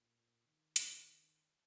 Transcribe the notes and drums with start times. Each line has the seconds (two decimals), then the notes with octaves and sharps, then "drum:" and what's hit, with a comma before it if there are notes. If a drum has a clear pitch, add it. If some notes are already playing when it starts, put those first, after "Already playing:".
Already playing: A#2
0.46 D#3
0.76 drum: hi-hat